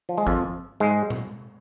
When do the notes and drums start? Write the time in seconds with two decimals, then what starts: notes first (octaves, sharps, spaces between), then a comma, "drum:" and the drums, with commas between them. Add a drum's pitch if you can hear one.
0.09 F3
0.18 G#3
0.27 F2 F3, drum: kick G#1
0.80 G#2 G#3
1.10 drum: tom A#2